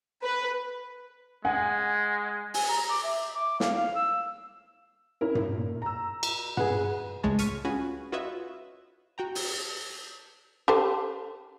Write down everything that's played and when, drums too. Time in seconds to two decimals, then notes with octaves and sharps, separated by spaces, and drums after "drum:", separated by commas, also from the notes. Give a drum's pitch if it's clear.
0.23 B4
1.45 G#3 F#5 G#5
2.54 G#5, drum: open hi-hat
2.68 A#5
2.89 D6
3.03 E5
3.35 D6
3.60 F5, drum: snare
3.76 F5
3.95 E6
5.21 C#4 E4 A#4
5.35 drum: tom G2
5.57 A#2
5.82 A#5 E6
6.23 drum: cymbal
6.57 G#4 B4 F#5, drum: tom G2
7.23 C#2 A2 G#3 C#5 A5
7.39 C#6 F6 B6 D#7, drum: hi-hat
7.65 C#4 F4 F#4 G#4 B4
8.12 F4 F#4 B4 C#5 D#5 E5
9.18 F#4 G5 A#5
9.35 drum: open hi-hat
10.68 G4 A4 C5